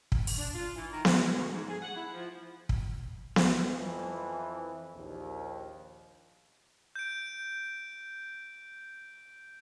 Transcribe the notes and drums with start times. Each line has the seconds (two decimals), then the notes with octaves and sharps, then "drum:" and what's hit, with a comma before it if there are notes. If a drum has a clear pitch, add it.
0.12 drum: kick
0.27 drum: open hi-hat
0.37 D4
0.55 F4
0.75 E3
0.91 D#3
1.05 G#3, drum: snare B3
1.19 G#3
1.36 D2
1.53 G#2
1.68 G#4
1.82 F#5
1.95 E4
2.13 F3
2.69 drum: kick
3.36 drum: snare B3
3.68 F2 E3
4.94 A#1 D#2
6.96 G6 D7